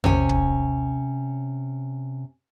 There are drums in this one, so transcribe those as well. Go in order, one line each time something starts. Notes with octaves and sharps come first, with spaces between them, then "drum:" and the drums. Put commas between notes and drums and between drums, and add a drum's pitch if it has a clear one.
C3 C#4 C#5 G#5, drum: tom
drum: kick